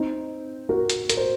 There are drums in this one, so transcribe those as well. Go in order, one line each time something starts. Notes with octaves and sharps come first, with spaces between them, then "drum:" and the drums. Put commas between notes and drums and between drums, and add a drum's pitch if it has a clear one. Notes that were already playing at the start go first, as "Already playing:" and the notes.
Already playing: C4 D#4
F#4 A#4
drum: hi-hat
A#4, drum: hi-hat
C5